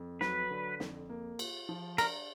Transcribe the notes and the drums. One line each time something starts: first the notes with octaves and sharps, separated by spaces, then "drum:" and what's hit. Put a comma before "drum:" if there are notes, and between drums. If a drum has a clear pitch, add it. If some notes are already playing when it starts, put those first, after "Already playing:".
Already playing: F2
F#3 B4, drum: snare
D3
F2, drum: snare
A#3
F4, drum: cymbal
F3
D4 A#4, drum: cymbal